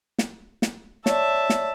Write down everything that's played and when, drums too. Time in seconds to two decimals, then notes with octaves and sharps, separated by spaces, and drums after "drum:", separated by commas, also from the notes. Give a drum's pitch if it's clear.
0.19 drum: snare
0.62 drum: snare
1.06 C#5 D5 E5 A5, drum: snare
1.50 drum: snare